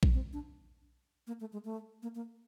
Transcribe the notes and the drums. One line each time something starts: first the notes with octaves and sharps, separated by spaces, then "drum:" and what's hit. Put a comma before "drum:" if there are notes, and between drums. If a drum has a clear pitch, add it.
drum: kick A#1
C4
D4
A#3
A3
G#3
A3
A#3
A#3